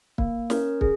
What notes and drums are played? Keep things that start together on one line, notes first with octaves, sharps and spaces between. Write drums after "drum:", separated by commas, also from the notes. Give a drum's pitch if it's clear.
A#3, drum: kick
C#4 A#4 C#5, drum: snare
G#4, drum: kick